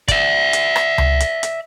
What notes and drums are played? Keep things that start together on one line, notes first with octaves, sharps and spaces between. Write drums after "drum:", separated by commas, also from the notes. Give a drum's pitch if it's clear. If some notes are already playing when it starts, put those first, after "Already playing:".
D5 E5, drum: kick, hi-hat
drum: hi-hat
drum: rim click
drum: tom C#2
drum: hi-hat
drum: hi-hat